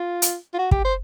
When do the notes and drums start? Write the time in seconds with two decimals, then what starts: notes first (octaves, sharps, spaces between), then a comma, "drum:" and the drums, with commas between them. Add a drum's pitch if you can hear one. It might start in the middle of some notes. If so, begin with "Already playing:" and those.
Already playing: F4
0.22 drum: hi-hat
0.54 F4
0.59 F#4
0.71 G4, drum: kick
0.85 C5